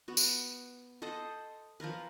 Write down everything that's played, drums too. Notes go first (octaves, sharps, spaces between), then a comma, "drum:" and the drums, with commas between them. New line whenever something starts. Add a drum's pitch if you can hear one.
B3 F#4
drum: tambourine
A4 C5 D#5 F#5
F3 F4 A#4 B4